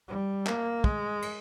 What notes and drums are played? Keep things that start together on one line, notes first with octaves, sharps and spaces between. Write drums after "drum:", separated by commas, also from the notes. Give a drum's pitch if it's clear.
G3
A#3, drum: clap
G#3, drum: kick
drum: cymbal